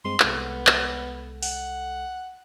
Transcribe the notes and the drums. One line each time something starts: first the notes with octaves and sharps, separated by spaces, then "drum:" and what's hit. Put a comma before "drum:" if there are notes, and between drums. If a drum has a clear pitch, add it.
G2 G#3 C4 C6
C2 G#3 B3 A4, drum: clap
drum: clap
F#5, drum: open hi-hat